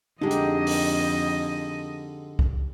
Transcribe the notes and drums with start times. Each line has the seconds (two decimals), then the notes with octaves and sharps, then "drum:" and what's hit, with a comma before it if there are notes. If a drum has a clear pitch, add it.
0.21 F2 D3 G#3 D#4 G4 D#5
0.31 drum: hi-hat
0.67 drum: open hi-hat
2.39 drum: kick